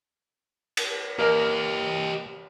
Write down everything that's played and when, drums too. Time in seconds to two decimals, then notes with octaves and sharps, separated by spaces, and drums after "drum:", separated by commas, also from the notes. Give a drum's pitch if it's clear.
0.77 drum: cymbal
1.19 A#3 G4 A#4 D#5